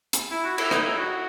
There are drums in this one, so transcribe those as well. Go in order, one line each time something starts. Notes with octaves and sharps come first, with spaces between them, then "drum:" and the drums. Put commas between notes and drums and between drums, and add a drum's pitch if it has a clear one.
drum: hi-hat
E4
F#4
E4, drum: cymbal
D#4, drum: rim click
E4
F#4